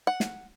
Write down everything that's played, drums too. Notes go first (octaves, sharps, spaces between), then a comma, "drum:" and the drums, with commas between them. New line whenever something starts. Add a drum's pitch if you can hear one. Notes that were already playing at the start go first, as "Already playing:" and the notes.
F#5
drum: snare